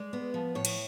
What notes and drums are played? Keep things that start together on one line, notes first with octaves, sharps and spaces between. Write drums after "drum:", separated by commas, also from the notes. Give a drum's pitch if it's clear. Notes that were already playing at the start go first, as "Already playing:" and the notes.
Already playing: G#3 D5
B3
F3
A2 C#5
drum: cymbal